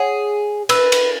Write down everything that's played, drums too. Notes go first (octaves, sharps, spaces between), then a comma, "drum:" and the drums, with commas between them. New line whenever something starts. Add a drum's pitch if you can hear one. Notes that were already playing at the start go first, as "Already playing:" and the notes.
Already playing: G#4 C#5 F#5
B4 E6, drum: cymbal
drum: cymbal